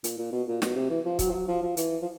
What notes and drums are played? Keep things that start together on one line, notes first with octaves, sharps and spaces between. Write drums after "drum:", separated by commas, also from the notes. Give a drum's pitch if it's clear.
A#2, drum: hi-hat
A#2
B2
A#2
B2, drum: snare
C3
E3
F3
F#3, drum: kick, hi-hat
F3
F#3
F3
F3
E3, drum: hi-hat
F3